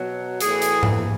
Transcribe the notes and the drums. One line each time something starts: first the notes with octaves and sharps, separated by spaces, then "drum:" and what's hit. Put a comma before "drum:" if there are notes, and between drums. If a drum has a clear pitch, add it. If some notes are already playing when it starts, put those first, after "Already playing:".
Already playing: B2 F#3
A2 E3 G#4, drum: hi-hat
drum: hi-hat
drum: tom G#2